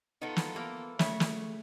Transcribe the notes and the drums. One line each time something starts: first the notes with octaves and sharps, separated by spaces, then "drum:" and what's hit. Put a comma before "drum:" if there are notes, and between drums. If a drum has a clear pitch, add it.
D#3 B3 D#4 F4 A4
drum: snare
E3 A#3 B3
C#3 A3 E5 C#6, drum: snare
drum: snare